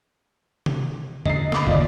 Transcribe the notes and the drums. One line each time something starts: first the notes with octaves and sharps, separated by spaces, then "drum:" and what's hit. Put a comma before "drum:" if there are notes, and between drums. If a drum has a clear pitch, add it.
drum: tom C3
D3 D#5 C7, drum: tom E2
B5 D6 D#6, drum: snare
F#1 D#2 A#2 F4 D5 D#5